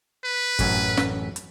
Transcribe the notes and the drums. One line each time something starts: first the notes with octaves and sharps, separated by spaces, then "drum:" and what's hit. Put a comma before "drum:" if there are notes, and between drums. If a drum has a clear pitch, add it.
B4
A1 F#2 C#4, drum: kick G1, hi-hat
drum: snare
drum: hi-hat